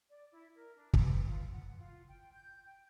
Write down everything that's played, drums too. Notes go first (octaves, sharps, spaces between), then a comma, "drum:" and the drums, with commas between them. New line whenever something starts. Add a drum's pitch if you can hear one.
D5
E4
A#4
D4
B4, drum: kick
F4
F#5
F4
G5
G6
G5